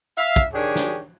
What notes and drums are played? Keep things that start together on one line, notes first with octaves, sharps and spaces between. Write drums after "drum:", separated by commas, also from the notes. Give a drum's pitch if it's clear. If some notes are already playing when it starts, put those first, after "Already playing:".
E5 F5
drum: kick
D#3 D4 G4 G#4 C#5
drum: snare